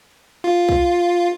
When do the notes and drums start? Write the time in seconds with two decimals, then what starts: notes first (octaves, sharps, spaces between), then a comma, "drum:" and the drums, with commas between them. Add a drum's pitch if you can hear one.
0.44 F4
0.69 drum: kick C2